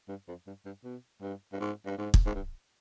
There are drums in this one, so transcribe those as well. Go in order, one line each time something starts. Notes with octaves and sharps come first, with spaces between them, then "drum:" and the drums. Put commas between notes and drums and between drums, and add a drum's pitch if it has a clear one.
G2
F2
G2
G2
B2
G2
G2
G#2
G2
G#2
drum: kick
G#2
G2